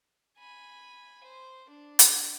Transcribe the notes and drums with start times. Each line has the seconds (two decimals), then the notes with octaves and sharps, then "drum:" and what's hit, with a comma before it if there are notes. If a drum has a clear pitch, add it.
0.38 G#5 B5
1.24 C5
1.70 D4
1.99 drum: hi-hat